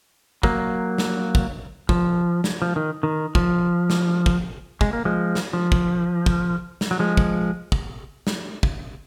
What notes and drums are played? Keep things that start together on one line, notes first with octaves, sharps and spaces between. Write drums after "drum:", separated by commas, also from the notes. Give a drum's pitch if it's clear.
F#3 A#3, drum: kick
drum: snare
drum: kick
F3, drum: kick
drum: snare
F3
D#3
D#3
F3, drum: kick
drum: snare
drum: kick
G#3, drum: kick
A#3
F3 G#3
drum: snare
F3
drum: kick
drum: kick
drum: snare
F#3
F3 G#3
drum: kick
drum: kick
drum: snare
drum: kick